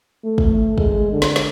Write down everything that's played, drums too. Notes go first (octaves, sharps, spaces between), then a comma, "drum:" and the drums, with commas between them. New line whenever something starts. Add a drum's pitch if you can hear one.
A3
drum: kick
G#3, drum: kick
D3
drum: snare
drum: snare